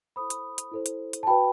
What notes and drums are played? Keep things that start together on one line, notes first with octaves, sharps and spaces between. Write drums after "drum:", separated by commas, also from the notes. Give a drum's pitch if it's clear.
E4 A4 C5 B5 D#6
drum: hi-hat
drum: hi-hat
E4 A4 C5
drum: hi-hat
drum: hi-hat
A5
F#4 B4 G5 B5